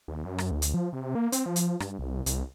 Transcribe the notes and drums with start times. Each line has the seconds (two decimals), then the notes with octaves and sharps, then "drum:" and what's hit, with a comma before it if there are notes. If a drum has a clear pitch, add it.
0.08 D#2
0.25 F#2
0.38 drum: rim click
0.51 D2
0.62 drum: hi-hat
0.74 F3
0.93 C3
1.15 A#3
1.32 C4, drum: hi-hat
1.46 F3
1.56 drum: hi-hat
1.80 G2, drum: rim click
1.99 C2
2.26 C2, drum: hi-hat